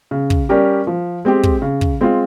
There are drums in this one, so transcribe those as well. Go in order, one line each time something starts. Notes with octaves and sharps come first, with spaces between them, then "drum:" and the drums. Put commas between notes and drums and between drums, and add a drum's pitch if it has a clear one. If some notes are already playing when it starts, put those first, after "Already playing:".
C#3
drum: kick
G3 C#4 G4 A#4
F3
G#3 C4 G4
drum: kick
C#3
drum: kick
G#3 C4 F4